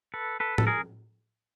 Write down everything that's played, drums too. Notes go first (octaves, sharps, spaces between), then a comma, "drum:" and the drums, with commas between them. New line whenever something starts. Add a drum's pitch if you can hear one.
A4 B4
A4 B4
A4, drum: tom A2
G#4 A#4